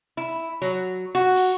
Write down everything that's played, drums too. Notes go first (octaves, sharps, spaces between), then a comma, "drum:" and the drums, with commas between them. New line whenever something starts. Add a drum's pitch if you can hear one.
E4
F#3
F#4
drum: cymbal